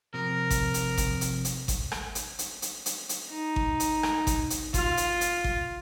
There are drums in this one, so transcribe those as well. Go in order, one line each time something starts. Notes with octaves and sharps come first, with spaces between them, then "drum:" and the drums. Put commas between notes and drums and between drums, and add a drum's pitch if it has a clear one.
C3 F3 A#4
drum: kick G#1, hi-hat
drum: hi-hat
drum: kick G#1, hi-hat
drum: hi-hat
drum: hi-hat
drum: kick G#1, hi-hat
drum: rim click
drum: hi-hat
drum: hi-hat
drum: hi-hat
drum: hi-hat
drum: hi-hat
D#4
drum: kick G#1
drum: hi-hat
drum: rim click
drum: kick G#1, hi-hat
drum: hi-hat
F4, drum: kick G#1, hi-hat
drum: hi-hat
drum: hi-hat
drum: kick G#1